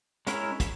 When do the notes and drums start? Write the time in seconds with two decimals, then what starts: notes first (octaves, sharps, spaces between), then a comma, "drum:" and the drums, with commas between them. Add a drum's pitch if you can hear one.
0.27 G#3 C#4 E4 A#4 C#5, drum: hi-hat
0.60 drum: kick, hi-hat